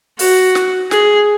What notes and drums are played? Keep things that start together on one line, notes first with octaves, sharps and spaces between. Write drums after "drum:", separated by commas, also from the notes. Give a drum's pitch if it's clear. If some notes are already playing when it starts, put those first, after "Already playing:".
F#4, drum: open hi-hat
drum: snare
G#4, drum: snare